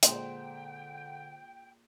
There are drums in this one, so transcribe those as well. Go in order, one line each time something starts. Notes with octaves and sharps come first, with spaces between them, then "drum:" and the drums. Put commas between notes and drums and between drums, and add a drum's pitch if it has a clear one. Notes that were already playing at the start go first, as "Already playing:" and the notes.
A#2 D3 G#3 C5 G5, drum: hi-hat